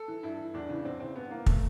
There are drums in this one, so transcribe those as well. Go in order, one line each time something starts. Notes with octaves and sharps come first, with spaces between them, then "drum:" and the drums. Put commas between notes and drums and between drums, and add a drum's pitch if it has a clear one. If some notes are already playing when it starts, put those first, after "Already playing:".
Already playing: A4
E3
G2 E4
E3
E2 D4
C#3 E3
E2 C4
C#3 E3 C4
G2 B3
E3 A#3
A3, drum: kick